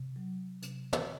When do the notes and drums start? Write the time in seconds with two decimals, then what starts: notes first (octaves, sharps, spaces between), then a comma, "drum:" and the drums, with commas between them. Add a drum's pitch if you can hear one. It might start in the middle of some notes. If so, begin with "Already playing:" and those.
Already playing: C3
0.16 F#3
0.62 C3, drum: hi-hat
0.93 drum: tom